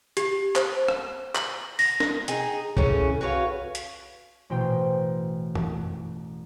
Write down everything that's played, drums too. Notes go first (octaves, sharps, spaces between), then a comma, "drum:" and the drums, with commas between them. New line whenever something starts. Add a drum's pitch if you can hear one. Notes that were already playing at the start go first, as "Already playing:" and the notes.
G4, drum: hi-hat
C5, drum: clap
drum: rim click
F#7, drum: clap
A#6, drum: open hi-hat
drum: snare
D#4 G#4, drum: hi-hat
C#3 E3 C#4 A4, drum: kick B1
F#4 B4 C#5 F5
drum: hi-hat
A1 B2 C5 G5
drum: tom F#2